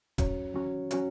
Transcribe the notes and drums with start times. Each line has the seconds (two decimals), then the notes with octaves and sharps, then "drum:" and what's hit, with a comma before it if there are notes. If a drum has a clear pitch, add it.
0.18 F#3 C#4 F#4 C#5, drum: kick D1, hi-hat
0.54 F#3 C#4 F#4 C#5
0.91 F#3 C#4 F#4 C#5, drum: hi-hat